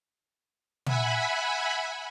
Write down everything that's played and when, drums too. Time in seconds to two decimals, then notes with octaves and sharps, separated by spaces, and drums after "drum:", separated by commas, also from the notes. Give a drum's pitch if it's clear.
0.86 E5 F#5 G#5 B5, drum: tom